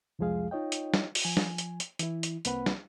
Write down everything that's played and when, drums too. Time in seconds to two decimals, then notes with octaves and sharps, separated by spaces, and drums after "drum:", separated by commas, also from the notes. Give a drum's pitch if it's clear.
0.19 C2 F2 F3 G#3 G#4 F5
0.51 D#4 F4 C#5 D#5 G5
0.72 drum: hi-hat
0.94 drum: snare
1.15 drum: open hi-hat
1.25 F3 G#5
1.37 drum: snare
1.58 drum: hi-hat
1.80 drum: hi-hat
1.99 E3 E4, drum: hi-hat
2.23 drum: hi-hat
2.45 C2 A#3 C4 B4 F#5 B5, drum: hi-hat
2.66 drum: snare